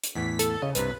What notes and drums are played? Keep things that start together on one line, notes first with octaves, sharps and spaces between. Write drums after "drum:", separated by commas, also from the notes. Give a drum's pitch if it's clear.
drum: hi-hat
E2 A2 E3 B6
A4, drum: hi-hat
C#3 D#5
C2 G2 C3 B4, drum: hi-hat